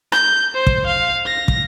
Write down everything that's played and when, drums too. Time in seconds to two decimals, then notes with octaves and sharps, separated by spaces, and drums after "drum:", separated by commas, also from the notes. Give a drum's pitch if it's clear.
0.12 G6, drum: rim click
0.54 C5
0.67 drum: kick
0.87 F5
1.26 A#6
1.48 drum: kick